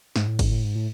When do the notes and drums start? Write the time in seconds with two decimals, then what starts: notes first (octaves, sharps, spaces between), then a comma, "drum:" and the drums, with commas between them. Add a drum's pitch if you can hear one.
0.16 G#2, drum: snare
0.27 A2
0.39 G#2, drum: kick G1, cymbal
0.51 A2
0.64 G#2
0.75 A2